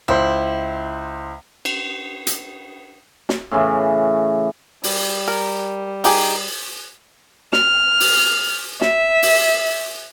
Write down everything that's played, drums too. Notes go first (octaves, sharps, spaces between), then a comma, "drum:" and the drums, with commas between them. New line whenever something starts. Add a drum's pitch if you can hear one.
C#2 E4 C5
drum: cymbal
drum: hi-hat
drum: snare
A2 C#3 E3
G3, drum: open hi-hat
A#4
D#4 G4 G#4, drum: open hi-hat
F6, drum: snare
drum: open hi-hat
E5, drum: snare
drum: open hi-hat